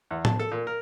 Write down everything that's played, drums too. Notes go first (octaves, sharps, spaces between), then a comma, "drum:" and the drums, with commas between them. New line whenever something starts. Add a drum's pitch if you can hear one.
E2
A5, drum: tom A2
A4
A#2
A#4